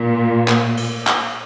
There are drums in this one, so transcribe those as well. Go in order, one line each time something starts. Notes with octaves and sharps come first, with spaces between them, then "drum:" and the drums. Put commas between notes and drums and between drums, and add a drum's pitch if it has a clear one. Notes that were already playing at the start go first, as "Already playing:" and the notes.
Already playing: A#2
drum: clap
drum: cymbal
drum: clap